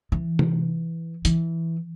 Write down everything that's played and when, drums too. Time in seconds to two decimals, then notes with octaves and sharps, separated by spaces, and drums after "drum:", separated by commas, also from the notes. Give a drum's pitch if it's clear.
0.12 E3
0.39 drum: tom C3
1.25 E3, drum: hi-hat